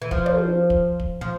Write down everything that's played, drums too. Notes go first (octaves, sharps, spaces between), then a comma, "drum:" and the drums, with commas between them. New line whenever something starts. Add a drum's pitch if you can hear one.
E3
F3, drum: kick
drum: tom
drum: kick
drum: kick
F3